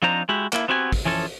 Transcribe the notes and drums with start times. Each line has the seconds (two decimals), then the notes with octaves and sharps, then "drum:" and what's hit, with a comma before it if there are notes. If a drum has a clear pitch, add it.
0.02 F3 C4 D4 D#4 C5 A#5
0.29 G#3 E4 F#4 G4
0.53 A#3 E4, drum: clap
0.68 B3 C4 F#4 G4 E5 G#5
0.92 drum: kick, open hi-hat
1.05 E3 F3 C#4 A4